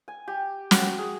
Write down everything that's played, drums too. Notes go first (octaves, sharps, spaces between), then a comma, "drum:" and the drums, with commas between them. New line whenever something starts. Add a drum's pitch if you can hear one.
G#5
G4
F#4, drum: snare
G#4